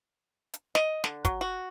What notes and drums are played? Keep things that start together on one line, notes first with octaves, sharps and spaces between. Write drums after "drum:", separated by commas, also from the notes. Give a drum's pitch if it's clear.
drum: hi-hat
D#5, drum: snare
D3, drum: snare
F#3, drum: kick, hi-hat
F#4